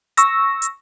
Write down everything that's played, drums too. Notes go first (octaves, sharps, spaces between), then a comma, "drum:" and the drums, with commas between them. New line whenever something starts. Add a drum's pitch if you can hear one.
C#6 E6 A#6, drum: hi-hat
drum: hi-hat